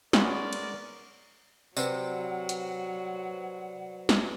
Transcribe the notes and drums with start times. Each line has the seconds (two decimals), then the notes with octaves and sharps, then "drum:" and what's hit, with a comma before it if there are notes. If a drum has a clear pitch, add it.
0.13 G#3 B3 C#4 A#4 D5, drum: snare
0.53 drum: cymbal
1.77 C3 F#3 B4 C5 D5 F#5, drum: tambourine
2.49 drum: hi-hat
4.09 drum: snare